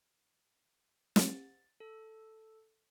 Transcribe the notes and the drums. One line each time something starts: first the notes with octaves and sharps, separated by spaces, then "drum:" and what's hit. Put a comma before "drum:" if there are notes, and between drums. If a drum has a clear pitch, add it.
A6, drum: snare
A4